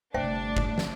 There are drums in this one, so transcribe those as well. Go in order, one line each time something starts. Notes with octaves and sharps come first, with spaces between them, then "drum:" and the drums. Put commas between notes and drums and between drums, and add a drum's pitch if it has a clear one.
G1 C3 A3 D4 C5 D5 E5 G5
drum: kick
drum: snare